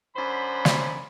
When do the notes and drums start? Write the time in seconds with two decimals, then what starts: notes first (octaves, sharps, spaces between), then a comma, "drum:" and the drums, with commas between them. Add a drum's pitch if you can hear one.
0.16 F#2 D3 C5 B5
0.65 drum: snare